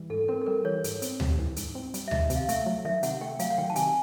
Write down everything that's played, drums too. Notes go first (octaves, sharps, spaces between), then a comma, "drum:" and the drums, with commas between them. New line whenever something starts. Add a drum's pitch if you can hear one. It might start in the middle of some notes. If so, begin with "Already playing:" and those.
Already playing: E3 G3
G#2 A4
C4 A#4
A4
G3 A#4
E3 C#5
G#2, drum: hi-hat
C4, drum: hi-hat
G3, drum: tom D2
E3
G#2, drum: hi-hat
C4
G3, drum: hi-hat
E5
D#3 D#5, drum: tom D2
C3, drum: hi-hat
F5
A3 E5, drum: hi-hat
F#3
D#3 E5
C3 F#5, drum: hi-hat
A3 G5
F#3 F5, drum: hi-hat
F#5
D#3 G5
A5
C3 G#5, drum: hi-hat